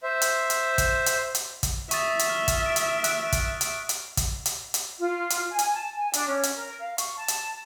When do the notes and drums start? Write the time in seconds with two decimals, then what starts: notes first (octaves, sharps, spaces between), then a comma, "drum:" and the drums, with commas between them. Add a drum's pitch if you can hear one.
0.03 C5 E5
0.21 drum: hi-hat
0.50 drum: hi-hat
0.78 drum: kick, hi-hat
1.06 drum: hi-hat
1.35 drum: hi-hat
1.63 drum: kick, hi-hat
1.91 E5 C#6 D#6 A6, drum: hi-hat
2.19 drum: hi-hat
2.29 F6
2.48 drum: kick, hi-hat
2.66 D7
2.76 drum: hi-hat
3.04 F#6 D7, drum: hi-hat
3.32 drum: kick, hi-hat
3.61 drum: hi-hat
3.89 drum: hi-hat
4.17 drum: kick, hi-hat
4.46 drum: hi-hat
4.74 drum: hi-hat
4.98 F4
5.30 drum: hi-hat
5.49 G#5
5.59 drum: hi-hat
5.73 A5
5.94 G#5
6.13 D4, drum: hi-hat
6.26 C#4
6.43 drum: hi-hat
6.57 A#4
6.79 F5
6.98 C#6, drum: hi-hat
7.17 A5
7.28 drum: hi-hat